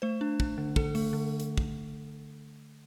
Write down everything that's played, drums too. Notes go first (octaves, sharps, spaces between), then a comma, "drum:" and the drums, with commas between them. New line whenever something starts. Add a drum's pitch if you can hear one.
A3 C5
D4
D4, drum: kick
D3
D3 A4, drum: kick
A3, drum: open hi-hat
D3
drum: hi-hat
drum: kick